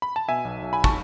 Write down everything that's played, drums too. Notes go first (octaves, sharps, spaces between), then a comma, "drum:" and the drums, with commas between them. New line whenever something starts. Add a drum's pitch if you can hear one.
B5
A5
B2 E5 G#5
B1
B1
G#5 B5
A5 C#6, drum: kick